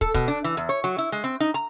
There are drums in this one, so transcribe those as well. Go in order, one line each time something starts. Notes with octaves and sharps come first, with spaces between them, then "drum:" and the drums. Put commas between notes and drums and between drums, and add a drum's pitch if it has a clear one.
A4, drum: kick
B2, drum: kick
D4
E3
E2
C#5
F#3
E4
G#3
C4
D#4
A#5